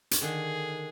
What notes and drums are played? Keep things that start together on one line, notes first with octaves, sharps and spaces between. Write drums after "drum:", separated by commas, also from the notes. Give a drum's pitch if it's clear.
drum: hi-hat
D3 D#3 G#4